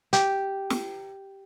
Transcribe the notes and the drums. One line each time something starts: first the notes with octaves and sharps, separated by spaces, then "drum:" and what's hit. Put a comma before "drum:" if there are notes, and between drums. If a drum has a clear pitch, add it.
G4, drum: hi-hat
drum: snare